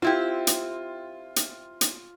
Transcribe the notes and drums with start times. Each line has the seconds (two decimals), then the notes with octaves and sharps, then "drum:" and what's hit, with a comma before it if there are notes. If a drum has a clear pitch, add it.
0.02 C4 E4 F4 G4
0.47 drum: hi-hat
1.36 drum: hi-hat
1.81 drum: hi-hat